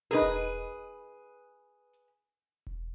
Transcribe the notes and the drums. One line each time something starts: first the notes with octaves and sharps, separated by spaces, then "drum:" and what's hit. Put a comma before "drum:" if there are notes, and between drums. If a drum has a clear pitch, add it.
D#4 G#4 A#4 B4
drum: kick E1
drum: hi-hat
drum: kick E1